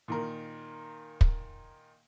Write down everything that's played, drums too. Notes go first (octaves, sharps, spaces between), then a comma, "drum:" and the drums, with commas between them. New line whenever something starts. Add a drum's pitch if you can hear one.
A#2 D#3 A#4
drum: kick